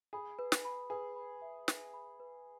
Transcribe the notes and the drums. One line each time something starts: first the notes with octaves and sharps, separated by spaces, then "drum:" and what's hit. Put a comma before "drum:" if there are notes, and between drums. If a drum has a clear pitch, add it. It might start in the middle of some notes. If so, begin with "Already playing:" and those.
G#4 B5
B4
drum: snare
B5
G#4 B4
B5
E5
B4, drum: snare
B5
B4